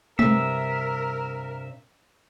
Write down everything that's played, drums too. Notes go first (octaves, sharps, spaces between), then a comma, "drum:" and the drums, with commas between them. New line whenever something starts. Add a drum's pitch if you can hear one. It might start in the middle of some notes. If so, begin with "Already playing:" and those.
G2 C3 A#4 E5, drum: tom G#3